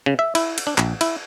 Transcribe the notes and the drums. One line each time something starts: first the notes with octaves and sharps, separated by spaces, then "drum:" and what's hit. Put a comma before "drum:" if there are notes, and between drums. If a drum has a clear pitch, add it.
C#3
E5
E4, drum: cymbal
drum: cymbal
D4
A#1, drum: clap
E4, drum: cymbal